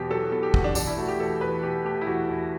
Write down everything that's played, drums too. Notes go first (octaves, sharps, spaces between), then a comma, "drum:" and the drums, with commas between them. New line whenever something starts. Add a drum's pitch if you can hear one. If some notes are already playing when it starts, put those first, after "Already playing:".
Already playing: E2 B2 F#3 B3 G4
F#3 A4
B3 A4
G4
E2 F#4, drum: kick
D4
B2 D4, drum: tambourine
E4
A3 F#4
G4
E2 A4
E2 B4
B2 G4
A3 G4
E4
E2 F#4
E2